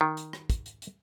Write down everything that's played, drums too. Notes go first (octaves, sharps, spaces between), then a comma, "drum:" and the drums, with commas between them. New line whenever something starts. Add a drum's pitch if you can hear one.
D#3
drum: hi-hat
drum: rim click
drum: kick, hi-hat
drum: hi-hat
drum: hi-hat